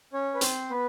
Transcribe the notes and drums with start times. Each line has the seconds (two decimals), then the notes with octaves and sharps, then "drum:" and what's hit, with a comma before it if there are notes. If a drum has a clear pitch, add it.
0.13 C#4 C#5
0.34 B4
0.41 C4 C5, drum: hi-hat
0.70 B3 B4